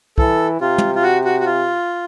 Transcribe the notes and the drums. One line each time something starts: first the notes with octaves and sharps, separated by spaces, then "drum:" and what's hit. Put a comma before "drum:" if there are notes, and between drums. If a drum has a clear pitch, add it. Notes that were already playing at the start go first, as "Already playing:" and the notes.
E3 A4, drum: kick
C3 F4
drum: tom
F4
F#4
F#4
F#4
F4